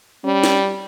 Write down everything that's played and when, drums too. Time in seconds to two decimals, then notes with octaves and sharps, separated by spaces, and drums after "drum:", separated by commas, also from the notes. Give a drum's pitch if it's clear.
0.24 G3 C#4
0.44 drum: snare